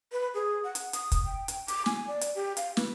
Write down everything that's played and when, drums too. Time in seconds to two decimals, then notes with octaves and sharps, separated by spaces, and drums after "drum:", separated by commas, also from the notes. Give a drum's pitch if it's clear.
0.12 B4
0.34 G#4
0.64 F#5
0.75 drum: hi-hat
0.93 D#6, drum: hi-hat
1.12 drum: kick, hi-hat
1.25 G5
1.48 drum: hi-hat
1.68 D6, drum: hi-hat
1.86 G#5, drum: snare
2.07 D5
2.21 drum: hi-hat
2.35 G4
2.57 F5, drum: hi-hat
2.77 B4, drum: snare